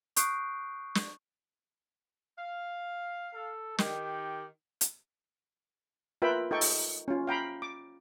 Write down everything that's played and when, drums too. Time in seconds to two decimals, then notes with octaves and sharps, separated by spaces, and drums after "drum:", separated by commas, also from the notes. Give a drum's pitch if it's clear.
0.16 C#6 D#6 F#6 G6 C7 D7, drum: hi-hat
0.95 drum: snare
2.38 F5
3.34 A4
3.78 D#3 G4, drum: snare
4.81 drum: hi-hat
6.22 F4 A#4 B4 E5 G5 B5
6.51 D#4 A4 G5 C#6
6.61 drum: open hi-hat
7.08 C#4 F4
7.27 F5 G5 A#5 B5
7.62 D6